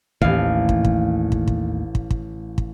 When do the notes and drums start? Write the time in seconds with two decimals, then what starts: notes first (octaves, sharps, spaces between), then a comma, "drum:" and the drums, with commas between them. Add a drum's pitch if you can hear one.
0.22 A1 D#2 A2 F5, drum: kick
0.69 drum: kick
0.85 drum: kick
1.32 drum: kick
1.48 drum: kick
1.95 drum: kick
2.10 drum: kick
2.58 drum: kick